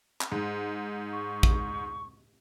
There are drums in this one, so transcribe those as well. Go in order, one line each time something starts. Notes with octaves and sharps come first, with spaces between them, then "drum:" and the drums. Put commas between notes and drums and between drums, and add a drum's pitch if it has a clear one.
drum: clap
G#2
C#6
drum: kick